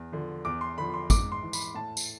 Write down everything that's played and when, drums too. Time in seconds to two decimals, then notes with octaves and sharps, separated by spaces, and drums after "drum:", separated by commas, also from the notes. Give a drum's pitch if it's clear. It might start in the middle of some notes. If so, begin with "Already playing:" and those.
Already playing: E2
0.12 D3 F3
0.45 E2 D6
0.61 C6
0.78 D3 F3 B5
0.94 C6
1.10 G#2 D6, drum: kick, tambourine
1.32 C6
1.42 E3
1.53 B5, drum: tambourine
1.75 A2 A5
1.97 drum: tambourine